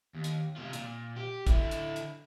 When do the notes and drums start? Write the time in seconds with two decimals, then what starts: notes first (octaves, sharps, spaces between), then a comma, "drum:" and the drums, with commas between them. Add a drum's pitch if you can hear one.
0.14 D#2
0.24 drum: hi-hat
0.56 C3 F4
0.73 A#2, drum: hi-hat
1.16 G4
1.47 D3 E4, drum: kick, hi-hat
1.71 drum: hi-hat
1.96 drum: hi-hat